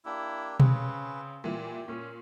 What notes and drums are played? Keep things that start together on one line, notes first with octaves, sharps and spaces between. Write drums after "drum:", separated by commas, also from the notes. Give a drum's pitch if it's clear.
A#3 D4 E4 G4
C#3 C4 C#4 B4, drum: tom B2
A#2 E3 G4
A#2 C#4